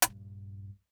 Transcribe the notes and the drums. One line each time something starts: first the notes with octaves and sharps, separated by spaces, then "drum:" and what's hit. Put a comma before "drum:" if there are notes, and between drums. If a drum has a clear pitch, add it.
A#1 G2, drum: hi-hat